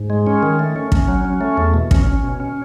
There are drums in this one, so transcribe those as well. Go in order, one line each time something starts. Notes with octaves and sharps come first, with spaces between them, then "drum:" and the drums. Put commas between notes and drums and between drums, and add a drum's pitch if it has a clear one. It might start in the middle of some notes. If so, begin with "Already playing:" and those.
Already playing: G#2
G#3
C#4
D#3
A3
C#4
C#4, drum: kick
F#3
C#4
A3
E2
B2
C#4, drum: kick
C#4
B2
C#4